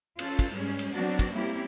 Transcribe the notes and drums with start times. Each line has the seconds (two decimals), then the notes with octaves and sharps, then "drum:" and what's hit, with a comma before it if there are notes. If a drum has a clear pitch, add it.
0.19 C#4 F4 A4, drum: cymbal
0.39 drum: kick, cymbal
0.51 G#2 G3 G#3 C#4
0.79 drum: cymbal
0.93 F#3 B3 C4 D4 F#4
1.19 drum: kick, cymbal
1.34 G3 A#3 C4 C#4 E4 G4